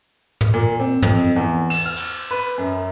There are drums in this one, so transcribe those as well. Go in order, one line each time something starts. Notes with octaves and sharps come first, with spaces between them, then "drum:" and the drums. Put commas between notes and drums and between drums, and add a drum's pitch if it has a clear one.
drum: tom
A#2
C4
F2, drum: tom
E2
E7, drum: cymbal
F6
drum: cymbal
B4
F#2